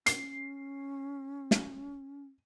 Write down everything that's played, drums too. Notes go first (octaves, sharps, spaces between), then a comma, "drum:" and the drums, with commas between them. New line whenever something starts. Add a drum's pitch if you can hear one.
C#4 C7, drum: hi-hat
drum: snare